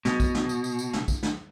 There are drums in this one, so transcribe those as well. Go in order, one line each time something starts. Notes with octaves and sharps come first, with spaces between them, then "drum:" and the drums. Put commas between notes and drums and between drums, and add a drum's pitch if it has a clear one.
B2, drum: snare
drum: kick B1, tambourine
drum: snare
drum: tambourine
drum: tambourine
drum: tambourine
drum: snare
drum: kick B1, tambourine
drum: snare